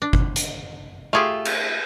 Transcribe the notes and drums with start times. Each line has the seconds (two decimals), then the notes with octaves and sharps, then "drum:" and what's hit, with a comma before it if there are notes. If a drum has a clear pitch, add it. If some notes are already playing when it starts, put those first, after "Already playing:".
0.02 D4
0.13 drum: kick G1
0.36 drum: hi-hat
1.13 A3 F4 G4 G#4 F5
1.45 drum: cymbal